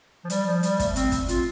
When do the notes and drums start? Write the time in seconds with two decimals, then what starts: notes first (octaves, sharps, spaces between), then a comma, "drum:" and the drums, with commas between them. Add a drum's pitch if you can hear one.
0.25 F3
0.30 G3, drum: hi-hat
0.46 F3
0.63 G3, drum: hi-hat
0.80 A3, drum: kick, hi-hat
0.96 C4, drum: hi-hat
1.12 drum: kick, hi-hat
1.29 F4, drum: hi-hat